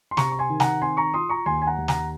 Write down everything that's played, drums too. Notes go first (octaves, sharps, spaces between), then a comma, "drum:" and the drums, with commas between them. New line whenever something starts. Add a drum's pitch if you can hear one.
C6
C3 A#5 C#6, drum: snare
C#6
G#5 C6
D#3
F#5 A#5, drum: snare
C4 G#5 C6
A#5 C#6
F4 C6 D#6
A#5 C#6
D#2 G#5 C6
G#5
F#5 A#5
D#2
F#5 A#5, drum: snare